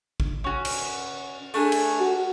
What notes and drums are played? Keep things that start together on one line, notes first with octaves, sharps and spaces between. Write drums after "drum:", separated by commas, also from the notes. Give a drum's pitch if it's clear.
drum: kick A1
C#4 F#4
drum: cymbal
A3 D4 G#4, drum: open hi-hat
drum: cymbal
F#4